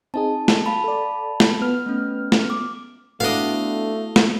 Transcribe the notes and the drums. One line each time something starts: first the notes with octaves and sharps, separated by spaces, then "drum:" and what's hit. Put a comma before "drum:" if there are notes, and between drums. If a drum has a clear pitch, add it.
C4 D#4 G#4 A5
drum: snare
F5 A5 B5
A4 D5
drum: snare
B3 F6
A3 C#4
drum: snare
D6
A3 B3 D4 E4 F#4 A4 D#5 F5
drum: snare